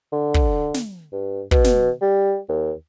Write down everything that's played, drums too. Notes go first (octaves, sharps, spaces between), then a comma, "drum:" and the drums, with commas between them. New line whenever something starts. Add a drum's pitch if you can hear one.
D3
drum: kick
drum: snare
G2
B2, drum: kick
drum: snare
G3
D#2